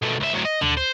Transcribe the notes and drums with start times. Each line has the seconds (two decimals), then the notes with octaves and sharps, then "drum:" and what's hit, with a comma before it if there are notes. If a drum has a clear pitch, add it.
0.02 B2 A3
0.20 C#2 E5
0.33 A2 F#3
0.45 D#5
0.61 D3, drum: tom D2
0.77 C5